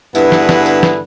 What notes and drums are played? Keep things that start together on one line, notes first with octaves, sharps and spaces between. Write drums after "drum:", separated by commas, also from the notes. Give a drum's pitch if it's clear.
G2 D3 B3 E4 G#4 B4, drum: tambourine
drum: snare
drum: snare
drum: tambourine
drum: snare